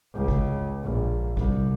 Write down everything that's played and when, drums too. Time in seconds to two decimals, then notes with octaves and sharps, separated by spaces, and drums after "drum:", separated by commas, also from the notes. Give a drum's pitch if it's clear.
0.14 C#2
0.28 drum: kick G#1
0.83 A#1
1.37 C2, drum: kick G#1